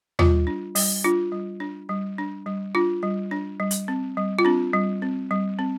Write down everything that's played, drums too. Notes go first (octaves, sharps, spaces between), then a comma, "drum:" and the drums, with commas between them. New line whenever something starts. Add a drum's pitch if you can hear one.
G3 F4, drum: tom D#2
D4
G3, drum: open hi-hat
D4 F4
G3
D4
G3
D4
G3
D4 F4
G3
D4
G3
drum: hi-hat
C4
G3
F4
C4 D4
G3
C4
G3
C4